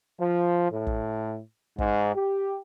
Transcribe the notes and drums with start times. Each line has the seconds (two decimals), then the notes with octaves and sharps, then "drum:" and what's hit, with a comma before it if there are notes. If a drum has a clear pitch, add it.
0.20 F3
0.72 A2
0.87 drum: kick
1.78 G#2, drum: kick
2.16 G4